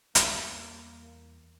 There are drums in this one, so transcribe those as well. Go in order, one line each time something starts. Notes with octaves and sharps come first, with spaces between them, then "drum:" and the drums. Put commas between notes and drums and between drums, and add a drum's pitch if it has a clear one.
E2 G3 A#3, drum: hi-hat